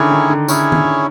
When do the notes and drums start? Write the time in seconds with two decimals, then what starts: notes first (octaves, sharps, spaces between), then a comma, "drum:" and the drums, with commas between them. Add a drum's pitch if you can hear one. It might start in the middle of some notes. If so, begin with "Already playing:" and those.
Already playing: D3 D#3 C#4 E4 G#4 C#5
0.12 D#3
0.30 D3
0.48 D3 C#4 E4 G#4 C#5, drum: tambourine
0.72 drum: tom D#3